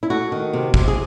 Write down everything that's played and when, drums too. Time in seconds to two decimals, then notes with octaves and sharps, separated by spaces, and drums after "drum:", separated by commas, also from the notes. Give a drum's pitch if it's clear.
0.03 E4
0.10 A3 F#4
0.32 D#3
0.53 C3
0.74 C3, drum: kick
0.88 G#4